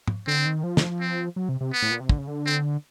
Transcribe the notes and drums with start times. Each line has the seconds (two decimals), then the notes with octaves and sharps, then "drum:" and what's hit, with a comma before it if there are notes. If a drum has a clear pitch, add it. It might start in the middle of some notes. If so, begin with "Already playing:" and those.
0.07 drum: tom
0.27 D3 C4
0.46 D#3
0.63 F3
0.77 drum: snare
1.00 C4
1.36 F#3
1.49 C3
1.61 C3
1.73 B3
1.82 A2
1.91 A#2
2.00 C3
2.09 D3, drum: kick
2.18 C#3
2.27 D3
2.46 C4